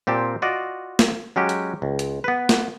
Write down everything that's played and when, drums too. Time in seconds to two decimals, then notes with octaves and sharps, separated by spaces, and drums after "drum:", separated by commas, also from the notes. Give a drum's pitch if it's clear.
0.07 A#2 C4 G4 A5
0.42 F4 F#4 D5 D#5
0.99 drum: snare
1.36 F#3 G#3 C#4 F#4 G4
1.49 drum: hi-hat
1.82 C#2
1.99 drum: hi-hat
2.24 B3 B4
2.49 drum: snare